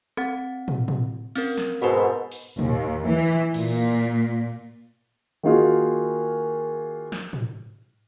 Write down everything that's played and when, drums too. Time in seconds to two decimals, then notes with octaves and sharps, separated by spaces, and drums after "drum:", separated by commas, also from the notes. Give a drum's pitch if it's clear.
0.17 C4 F#5, drum: rim click
0.68 drum: tom
0.88 drum: tom
1.35 C4 C#4 A#4, drum: open hi-hat
1.58 drum: snare
1.82 G#2 B2 A#4 B4 F#5
2.32 drum: open hi-hat
2.59 D#2, drum: tom
3.08 E3
3.54 A#2, drum: cymbal
5.43 D#3 A#3 D#4 F4 F#4 G#4
7.12 drum: snare
7.33 drum: tom